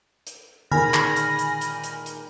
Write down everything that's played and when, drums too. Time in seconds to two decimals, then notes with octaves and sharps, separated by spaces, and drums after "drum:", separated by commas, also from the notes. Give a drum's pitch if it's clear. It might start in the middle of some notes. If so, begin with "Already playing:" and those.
0.27 drum: hi-hat
0.71 A#2 D#3 G#3 G#5 B5 F6 A#6, drum: tom D3
0.94 drum: clap
1.16 drum: hi-hat
1.39 drum: hi-hat
1.61 drum: hi-hat
1.84 drum: hi-hat
2.06 drum: hi-hat